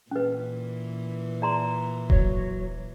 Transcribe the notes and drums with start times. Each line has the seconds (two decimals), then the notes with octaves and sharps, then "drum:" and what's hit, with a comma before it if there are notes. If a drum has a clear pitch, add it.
0.11 A#2 E3 C#4 B4
1.42 D5 A#5 C6
2.10 F#3 C#5, drum: kick D#1